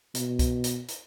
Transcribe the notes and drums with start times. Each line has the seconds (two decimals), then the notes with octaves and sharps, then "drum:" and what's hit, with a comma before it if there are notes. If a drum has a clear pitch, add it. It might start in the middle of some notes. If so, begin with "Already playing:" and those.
0.15 B2, drum: hi-hat
0.39 drum: kick C2, hi-hat
0.64 drum: hi-hat
0.88 drum: hi-hat